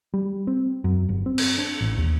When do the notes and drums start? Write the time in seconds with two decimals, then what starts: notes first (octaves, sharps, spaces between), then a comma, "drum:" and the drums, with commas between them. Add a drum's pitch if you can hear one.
0.14 G3
0.47 C4
0.84 F#2
1.09 G1
1.26 C4
1.38 drum: cymbal
1.58 D4
1.81 A1
1.98 D#2